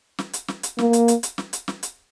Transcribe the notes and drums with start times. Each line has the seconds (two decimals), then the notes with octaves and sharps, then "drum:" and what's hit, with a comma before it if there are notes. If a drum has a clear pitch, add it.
0.19 drum: snare
0.33 drum: hi-hat
0.48 drum: snare
0.63 drum: hi-hat
0.79 A#3, drum: snare
0.93 drum: hi-hat
1.08 drum: hi-hat
1.23 drum: hi-hat
1.38 drum: snare
1.53 drum: hi-hat
1.68 drum: snare
1.83 drum: hi-hat